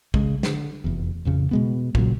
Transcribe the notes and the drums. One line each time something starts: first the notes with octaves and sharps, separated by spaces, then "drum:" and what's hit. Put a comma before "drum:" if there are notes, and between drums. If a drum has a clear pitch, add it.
C#3 G#3, drum: kick
D3, drum: snare
F1 E2
A1 F2 C#3
B2 G#3 B3
A#2 C#3 F#3, drum: kick